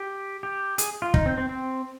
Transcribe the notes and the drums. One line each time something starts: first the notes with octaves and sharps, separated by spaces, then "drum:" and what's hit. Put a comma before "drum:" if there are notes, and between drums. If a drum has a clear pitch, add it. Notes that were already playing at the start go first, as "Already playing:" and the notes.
Already playing: G4
G4
G#4, drum: hi-hat
F4
D#4, drum: kick
C4
C4
C4